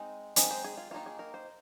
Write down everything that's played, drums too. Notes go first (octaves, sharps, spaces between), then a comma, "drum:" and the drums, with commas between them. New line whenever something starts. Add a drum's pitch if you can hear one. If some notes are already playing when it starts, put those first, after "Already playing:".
Already playing: G#3 C4 D#4
G#3 C4 D#4 D#5, drum: hi-hat
A#4
C5
G#4
F4
D#3 A#3 D#4 F4
G#4
A#4
C5